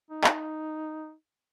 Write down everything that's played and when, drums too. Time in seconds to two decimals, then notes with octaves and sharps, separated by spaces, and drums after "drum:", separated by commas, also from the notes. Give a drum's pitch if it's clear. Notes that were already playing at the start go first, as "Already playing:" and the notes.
0.11 D#4
0.24 drum: clap